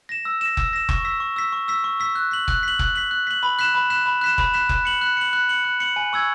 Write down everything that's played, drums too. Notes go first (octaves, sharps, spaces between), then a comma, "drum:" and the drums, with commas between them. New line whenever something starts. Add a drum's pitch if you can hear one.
A#6 E7
E6
A#6 E7
E6, drum: kick F1
A#6 E7
C#6, drum: kick F1
E6 B6
C#6
E6 B6
C#6
E6 B6
C#6
E6 B6
F#6
B6 F#7
F#6, drum: kick F1
B6 F#7
F#6, drum: kick F1
B6 F#7
F#6
B6 F#7
B5
F#6 B6 E7
B5
F#6 B6 E7
B5
F#6 B6 E7
B5, drum: kick F1
F#6 B6 E7
F#6, drum: kick F1
C#7 F#7
F#6
C#7 F#7
F#6
C#7 F#7
F#6
C#7 F#7
G#5
C#6 E6 G#6